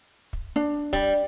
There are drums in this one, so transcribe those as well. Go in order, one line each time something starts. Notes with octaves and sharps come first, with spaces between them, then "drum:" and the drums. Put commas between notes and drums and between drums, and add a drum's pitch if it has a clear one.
drum: kick
D4
G3, drum: kick